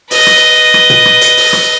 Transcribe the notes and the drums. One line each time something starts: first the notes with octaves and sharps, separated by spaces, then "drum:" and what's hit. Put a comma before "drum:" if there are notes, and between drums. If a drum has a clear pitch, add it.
B4 D#5, drum: open hi-hat
drum: rim click
drum: rim click
drum: tom A#2
drum: rim click
drum: hi-hat
drum: open hi-hat
drum: rim click